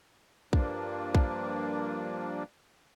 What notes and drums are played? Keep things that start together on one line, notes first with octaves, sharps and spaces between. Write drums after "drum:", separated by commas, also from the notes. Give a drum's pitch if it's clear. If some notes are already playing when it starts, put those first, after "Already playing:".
G2 F3 A#3 D4, drum: kick A#1
drum: kick A#1